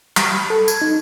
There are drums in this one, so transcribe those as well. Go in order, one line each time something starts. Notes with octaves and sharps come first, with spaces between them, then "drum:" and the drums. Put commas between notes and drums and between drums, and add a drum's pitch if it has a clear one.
G3, drum: clap
B5
A4
G#6, drum: tambourine
D#4